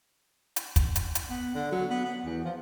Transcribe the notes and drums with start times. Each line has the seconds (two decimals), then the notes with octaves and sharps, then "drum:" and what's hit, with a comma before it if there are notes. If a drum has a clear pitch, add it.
0.56 drum: hi-hat
0.76 drum: kick, hi-hat
0.96 drum: hi-hat
1.15 drum: hi-hat
1.30 B3
1.55 D3
1.72 F#3
1.90 B3
2.05 B3
2.25 E2
2.45 F3